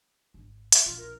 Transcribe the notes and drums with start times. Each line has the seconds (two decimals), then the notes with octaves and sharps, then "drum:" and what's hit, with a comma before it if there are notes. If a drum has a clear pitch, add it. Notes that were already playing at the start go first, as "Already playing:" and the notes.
0.34 G#1
0.72 C#2 E5, drum: hi-hat
0.86 A#1 E2 F4
0.98 A#4